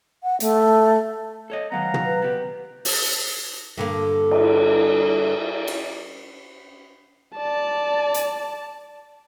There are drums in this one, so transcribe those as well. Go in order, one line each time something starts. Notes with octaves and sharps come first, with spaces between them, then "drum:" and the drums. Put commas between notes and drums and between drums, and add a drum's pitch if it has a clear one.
F#5
A3, drum: hi-hat
A4 C#5 D#5
D#3 F#3 B3 F5 F#5 A#5
drum: tom
B4
B3 G4
drum: open hi-hat
G2 D3 A#3
drum: cymbal
drum: cymbal
D5 A5
drum: hi-hat